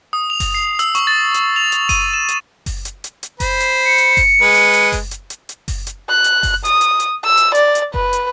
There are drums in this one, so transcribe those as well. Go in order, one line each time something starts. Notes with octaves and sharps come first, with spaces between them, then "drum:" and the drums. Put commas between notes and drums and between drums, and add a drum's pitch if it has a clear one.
D#6
F7
drum: kick F#1, open hi-hat
C7
E6, drum: hi-hat
C#6, drum: hi-hat
A6
drum: hi-hat
F7
drum: hi-hat
D#7, drum: kick F#1, open hi-hat
E7
drum: hi-hat
drum: kick F#1, open hi-hat
drum: hi-hat
drum: hi-hat
drum: hi-hat
C5 B5, drum: kick F#1, open hi-hat
drum: hi-hat
C#7
drum: hi-hat
drum: kick F#1, open hi-hat
G#3 B4
drum: hi-hat
drum: hi-hat
drum: kick F#1, open hi-hat
drum: hi-hat
drum: hi-hat
drum: hi-hat
drum: kick F#1, open hi-hat
drum: hi-hat
F#6
drum: hi-hat
drum: kick F#1, open hi-hat
D#6, drum: hi-hat
drum: hi-hat
drum: hi-hat
E6
drum: hi-hat
D5, drum: hi-hat
drum: hi-hat
B4, drum: kick F#1
drum: hi-hat